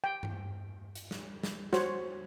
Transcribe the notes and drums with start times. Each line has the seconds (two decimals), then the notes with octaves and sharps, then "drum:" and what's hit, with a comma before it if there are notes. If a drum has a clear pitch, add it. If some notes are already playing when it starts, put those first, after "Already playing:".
0.04 G5
0.23 drum: tom G2
0.95 drum: hi-hat
1.11 drum: snare
1.43 drum: snare
1.73 F#4 C5 C#5, drum: snare